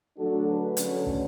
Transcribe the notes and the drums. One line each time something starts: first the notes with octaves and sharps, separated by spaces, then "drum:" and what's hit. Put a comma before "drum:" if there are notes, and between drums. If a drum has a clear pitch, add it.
D3 F#3 A3 D4 F#4 A4
G#4 B4
D3 F#3 A3 C#4, drum: hi-hat
drum: kick